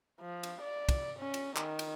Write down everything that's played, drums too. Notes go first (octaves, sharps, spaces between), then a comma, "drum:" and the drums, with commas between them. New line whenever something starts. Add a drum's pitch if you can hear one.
F3
drum: cymbal
D5
drum: kick, cymbal
C#4
drum: cymbal
D#3, drum: clap
drum: cymbal